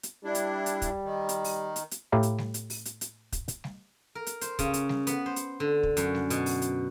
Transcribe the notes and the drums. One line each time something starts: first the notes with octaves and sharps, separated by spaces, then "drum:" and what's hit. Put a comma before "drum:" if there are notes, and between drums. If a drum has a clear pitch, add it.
drum: hi-hat
G3 D4 E4
drum: hi-hat
drum: hi-hat
drum: kick, hi-hat
D#3
drum: hi-hat
drum: open hi-hat
drum: hi-hat
drum: hi-hat
A2 E4 G4 F5 A#5
drum: hi-hat
drum: snare
drum: hi-hat
drum: open hi-hat
drum: hi-hat
drum: hi-hat
drum: kick, hi-hat
drum: hi-hat
drum: snare
A#4
drum: hi-hat
C5, drum: hi-hat
C#3, drum: kick, hi-hat
drum: hi-hat
drum: snare
B3, drum: hi-hat
C5
drum: hi-hat
D3
drum: kick
F#2, drum: hi-hat
drum: snare
B2, drum: hi-hat
drum: open hi-hat
drum: hi-hat